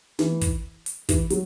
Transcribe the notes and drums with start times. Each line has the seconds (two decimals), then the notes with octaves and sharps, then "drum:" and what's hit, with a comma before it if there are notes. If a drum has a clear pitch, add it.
0.19 E3, drum: snare
0.41 drum: kick, hi-hat
0.86 drum: hi-hat
1.09 E3, drum: kick, hi-hat
1.30 F#3, drum: hi-hat